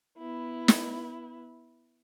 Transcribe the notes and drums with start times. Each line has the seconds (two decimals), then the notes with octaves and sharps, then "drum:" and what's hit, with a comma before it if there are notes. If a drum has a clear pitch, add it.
0.18 B3 E4
0.68 drum: snare